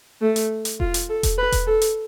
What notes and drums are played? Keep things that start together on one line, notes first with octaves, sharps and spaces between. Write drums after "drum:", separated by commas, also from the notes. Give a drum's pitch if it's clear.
A3
drum: hi-hat
drum: hi-hat
F4, drum: kick E1
drum: hi-hat
A4
drum: kick E1, hi-hat
B4
drum: kick E1, hi-hat
A4
drum: hi-hat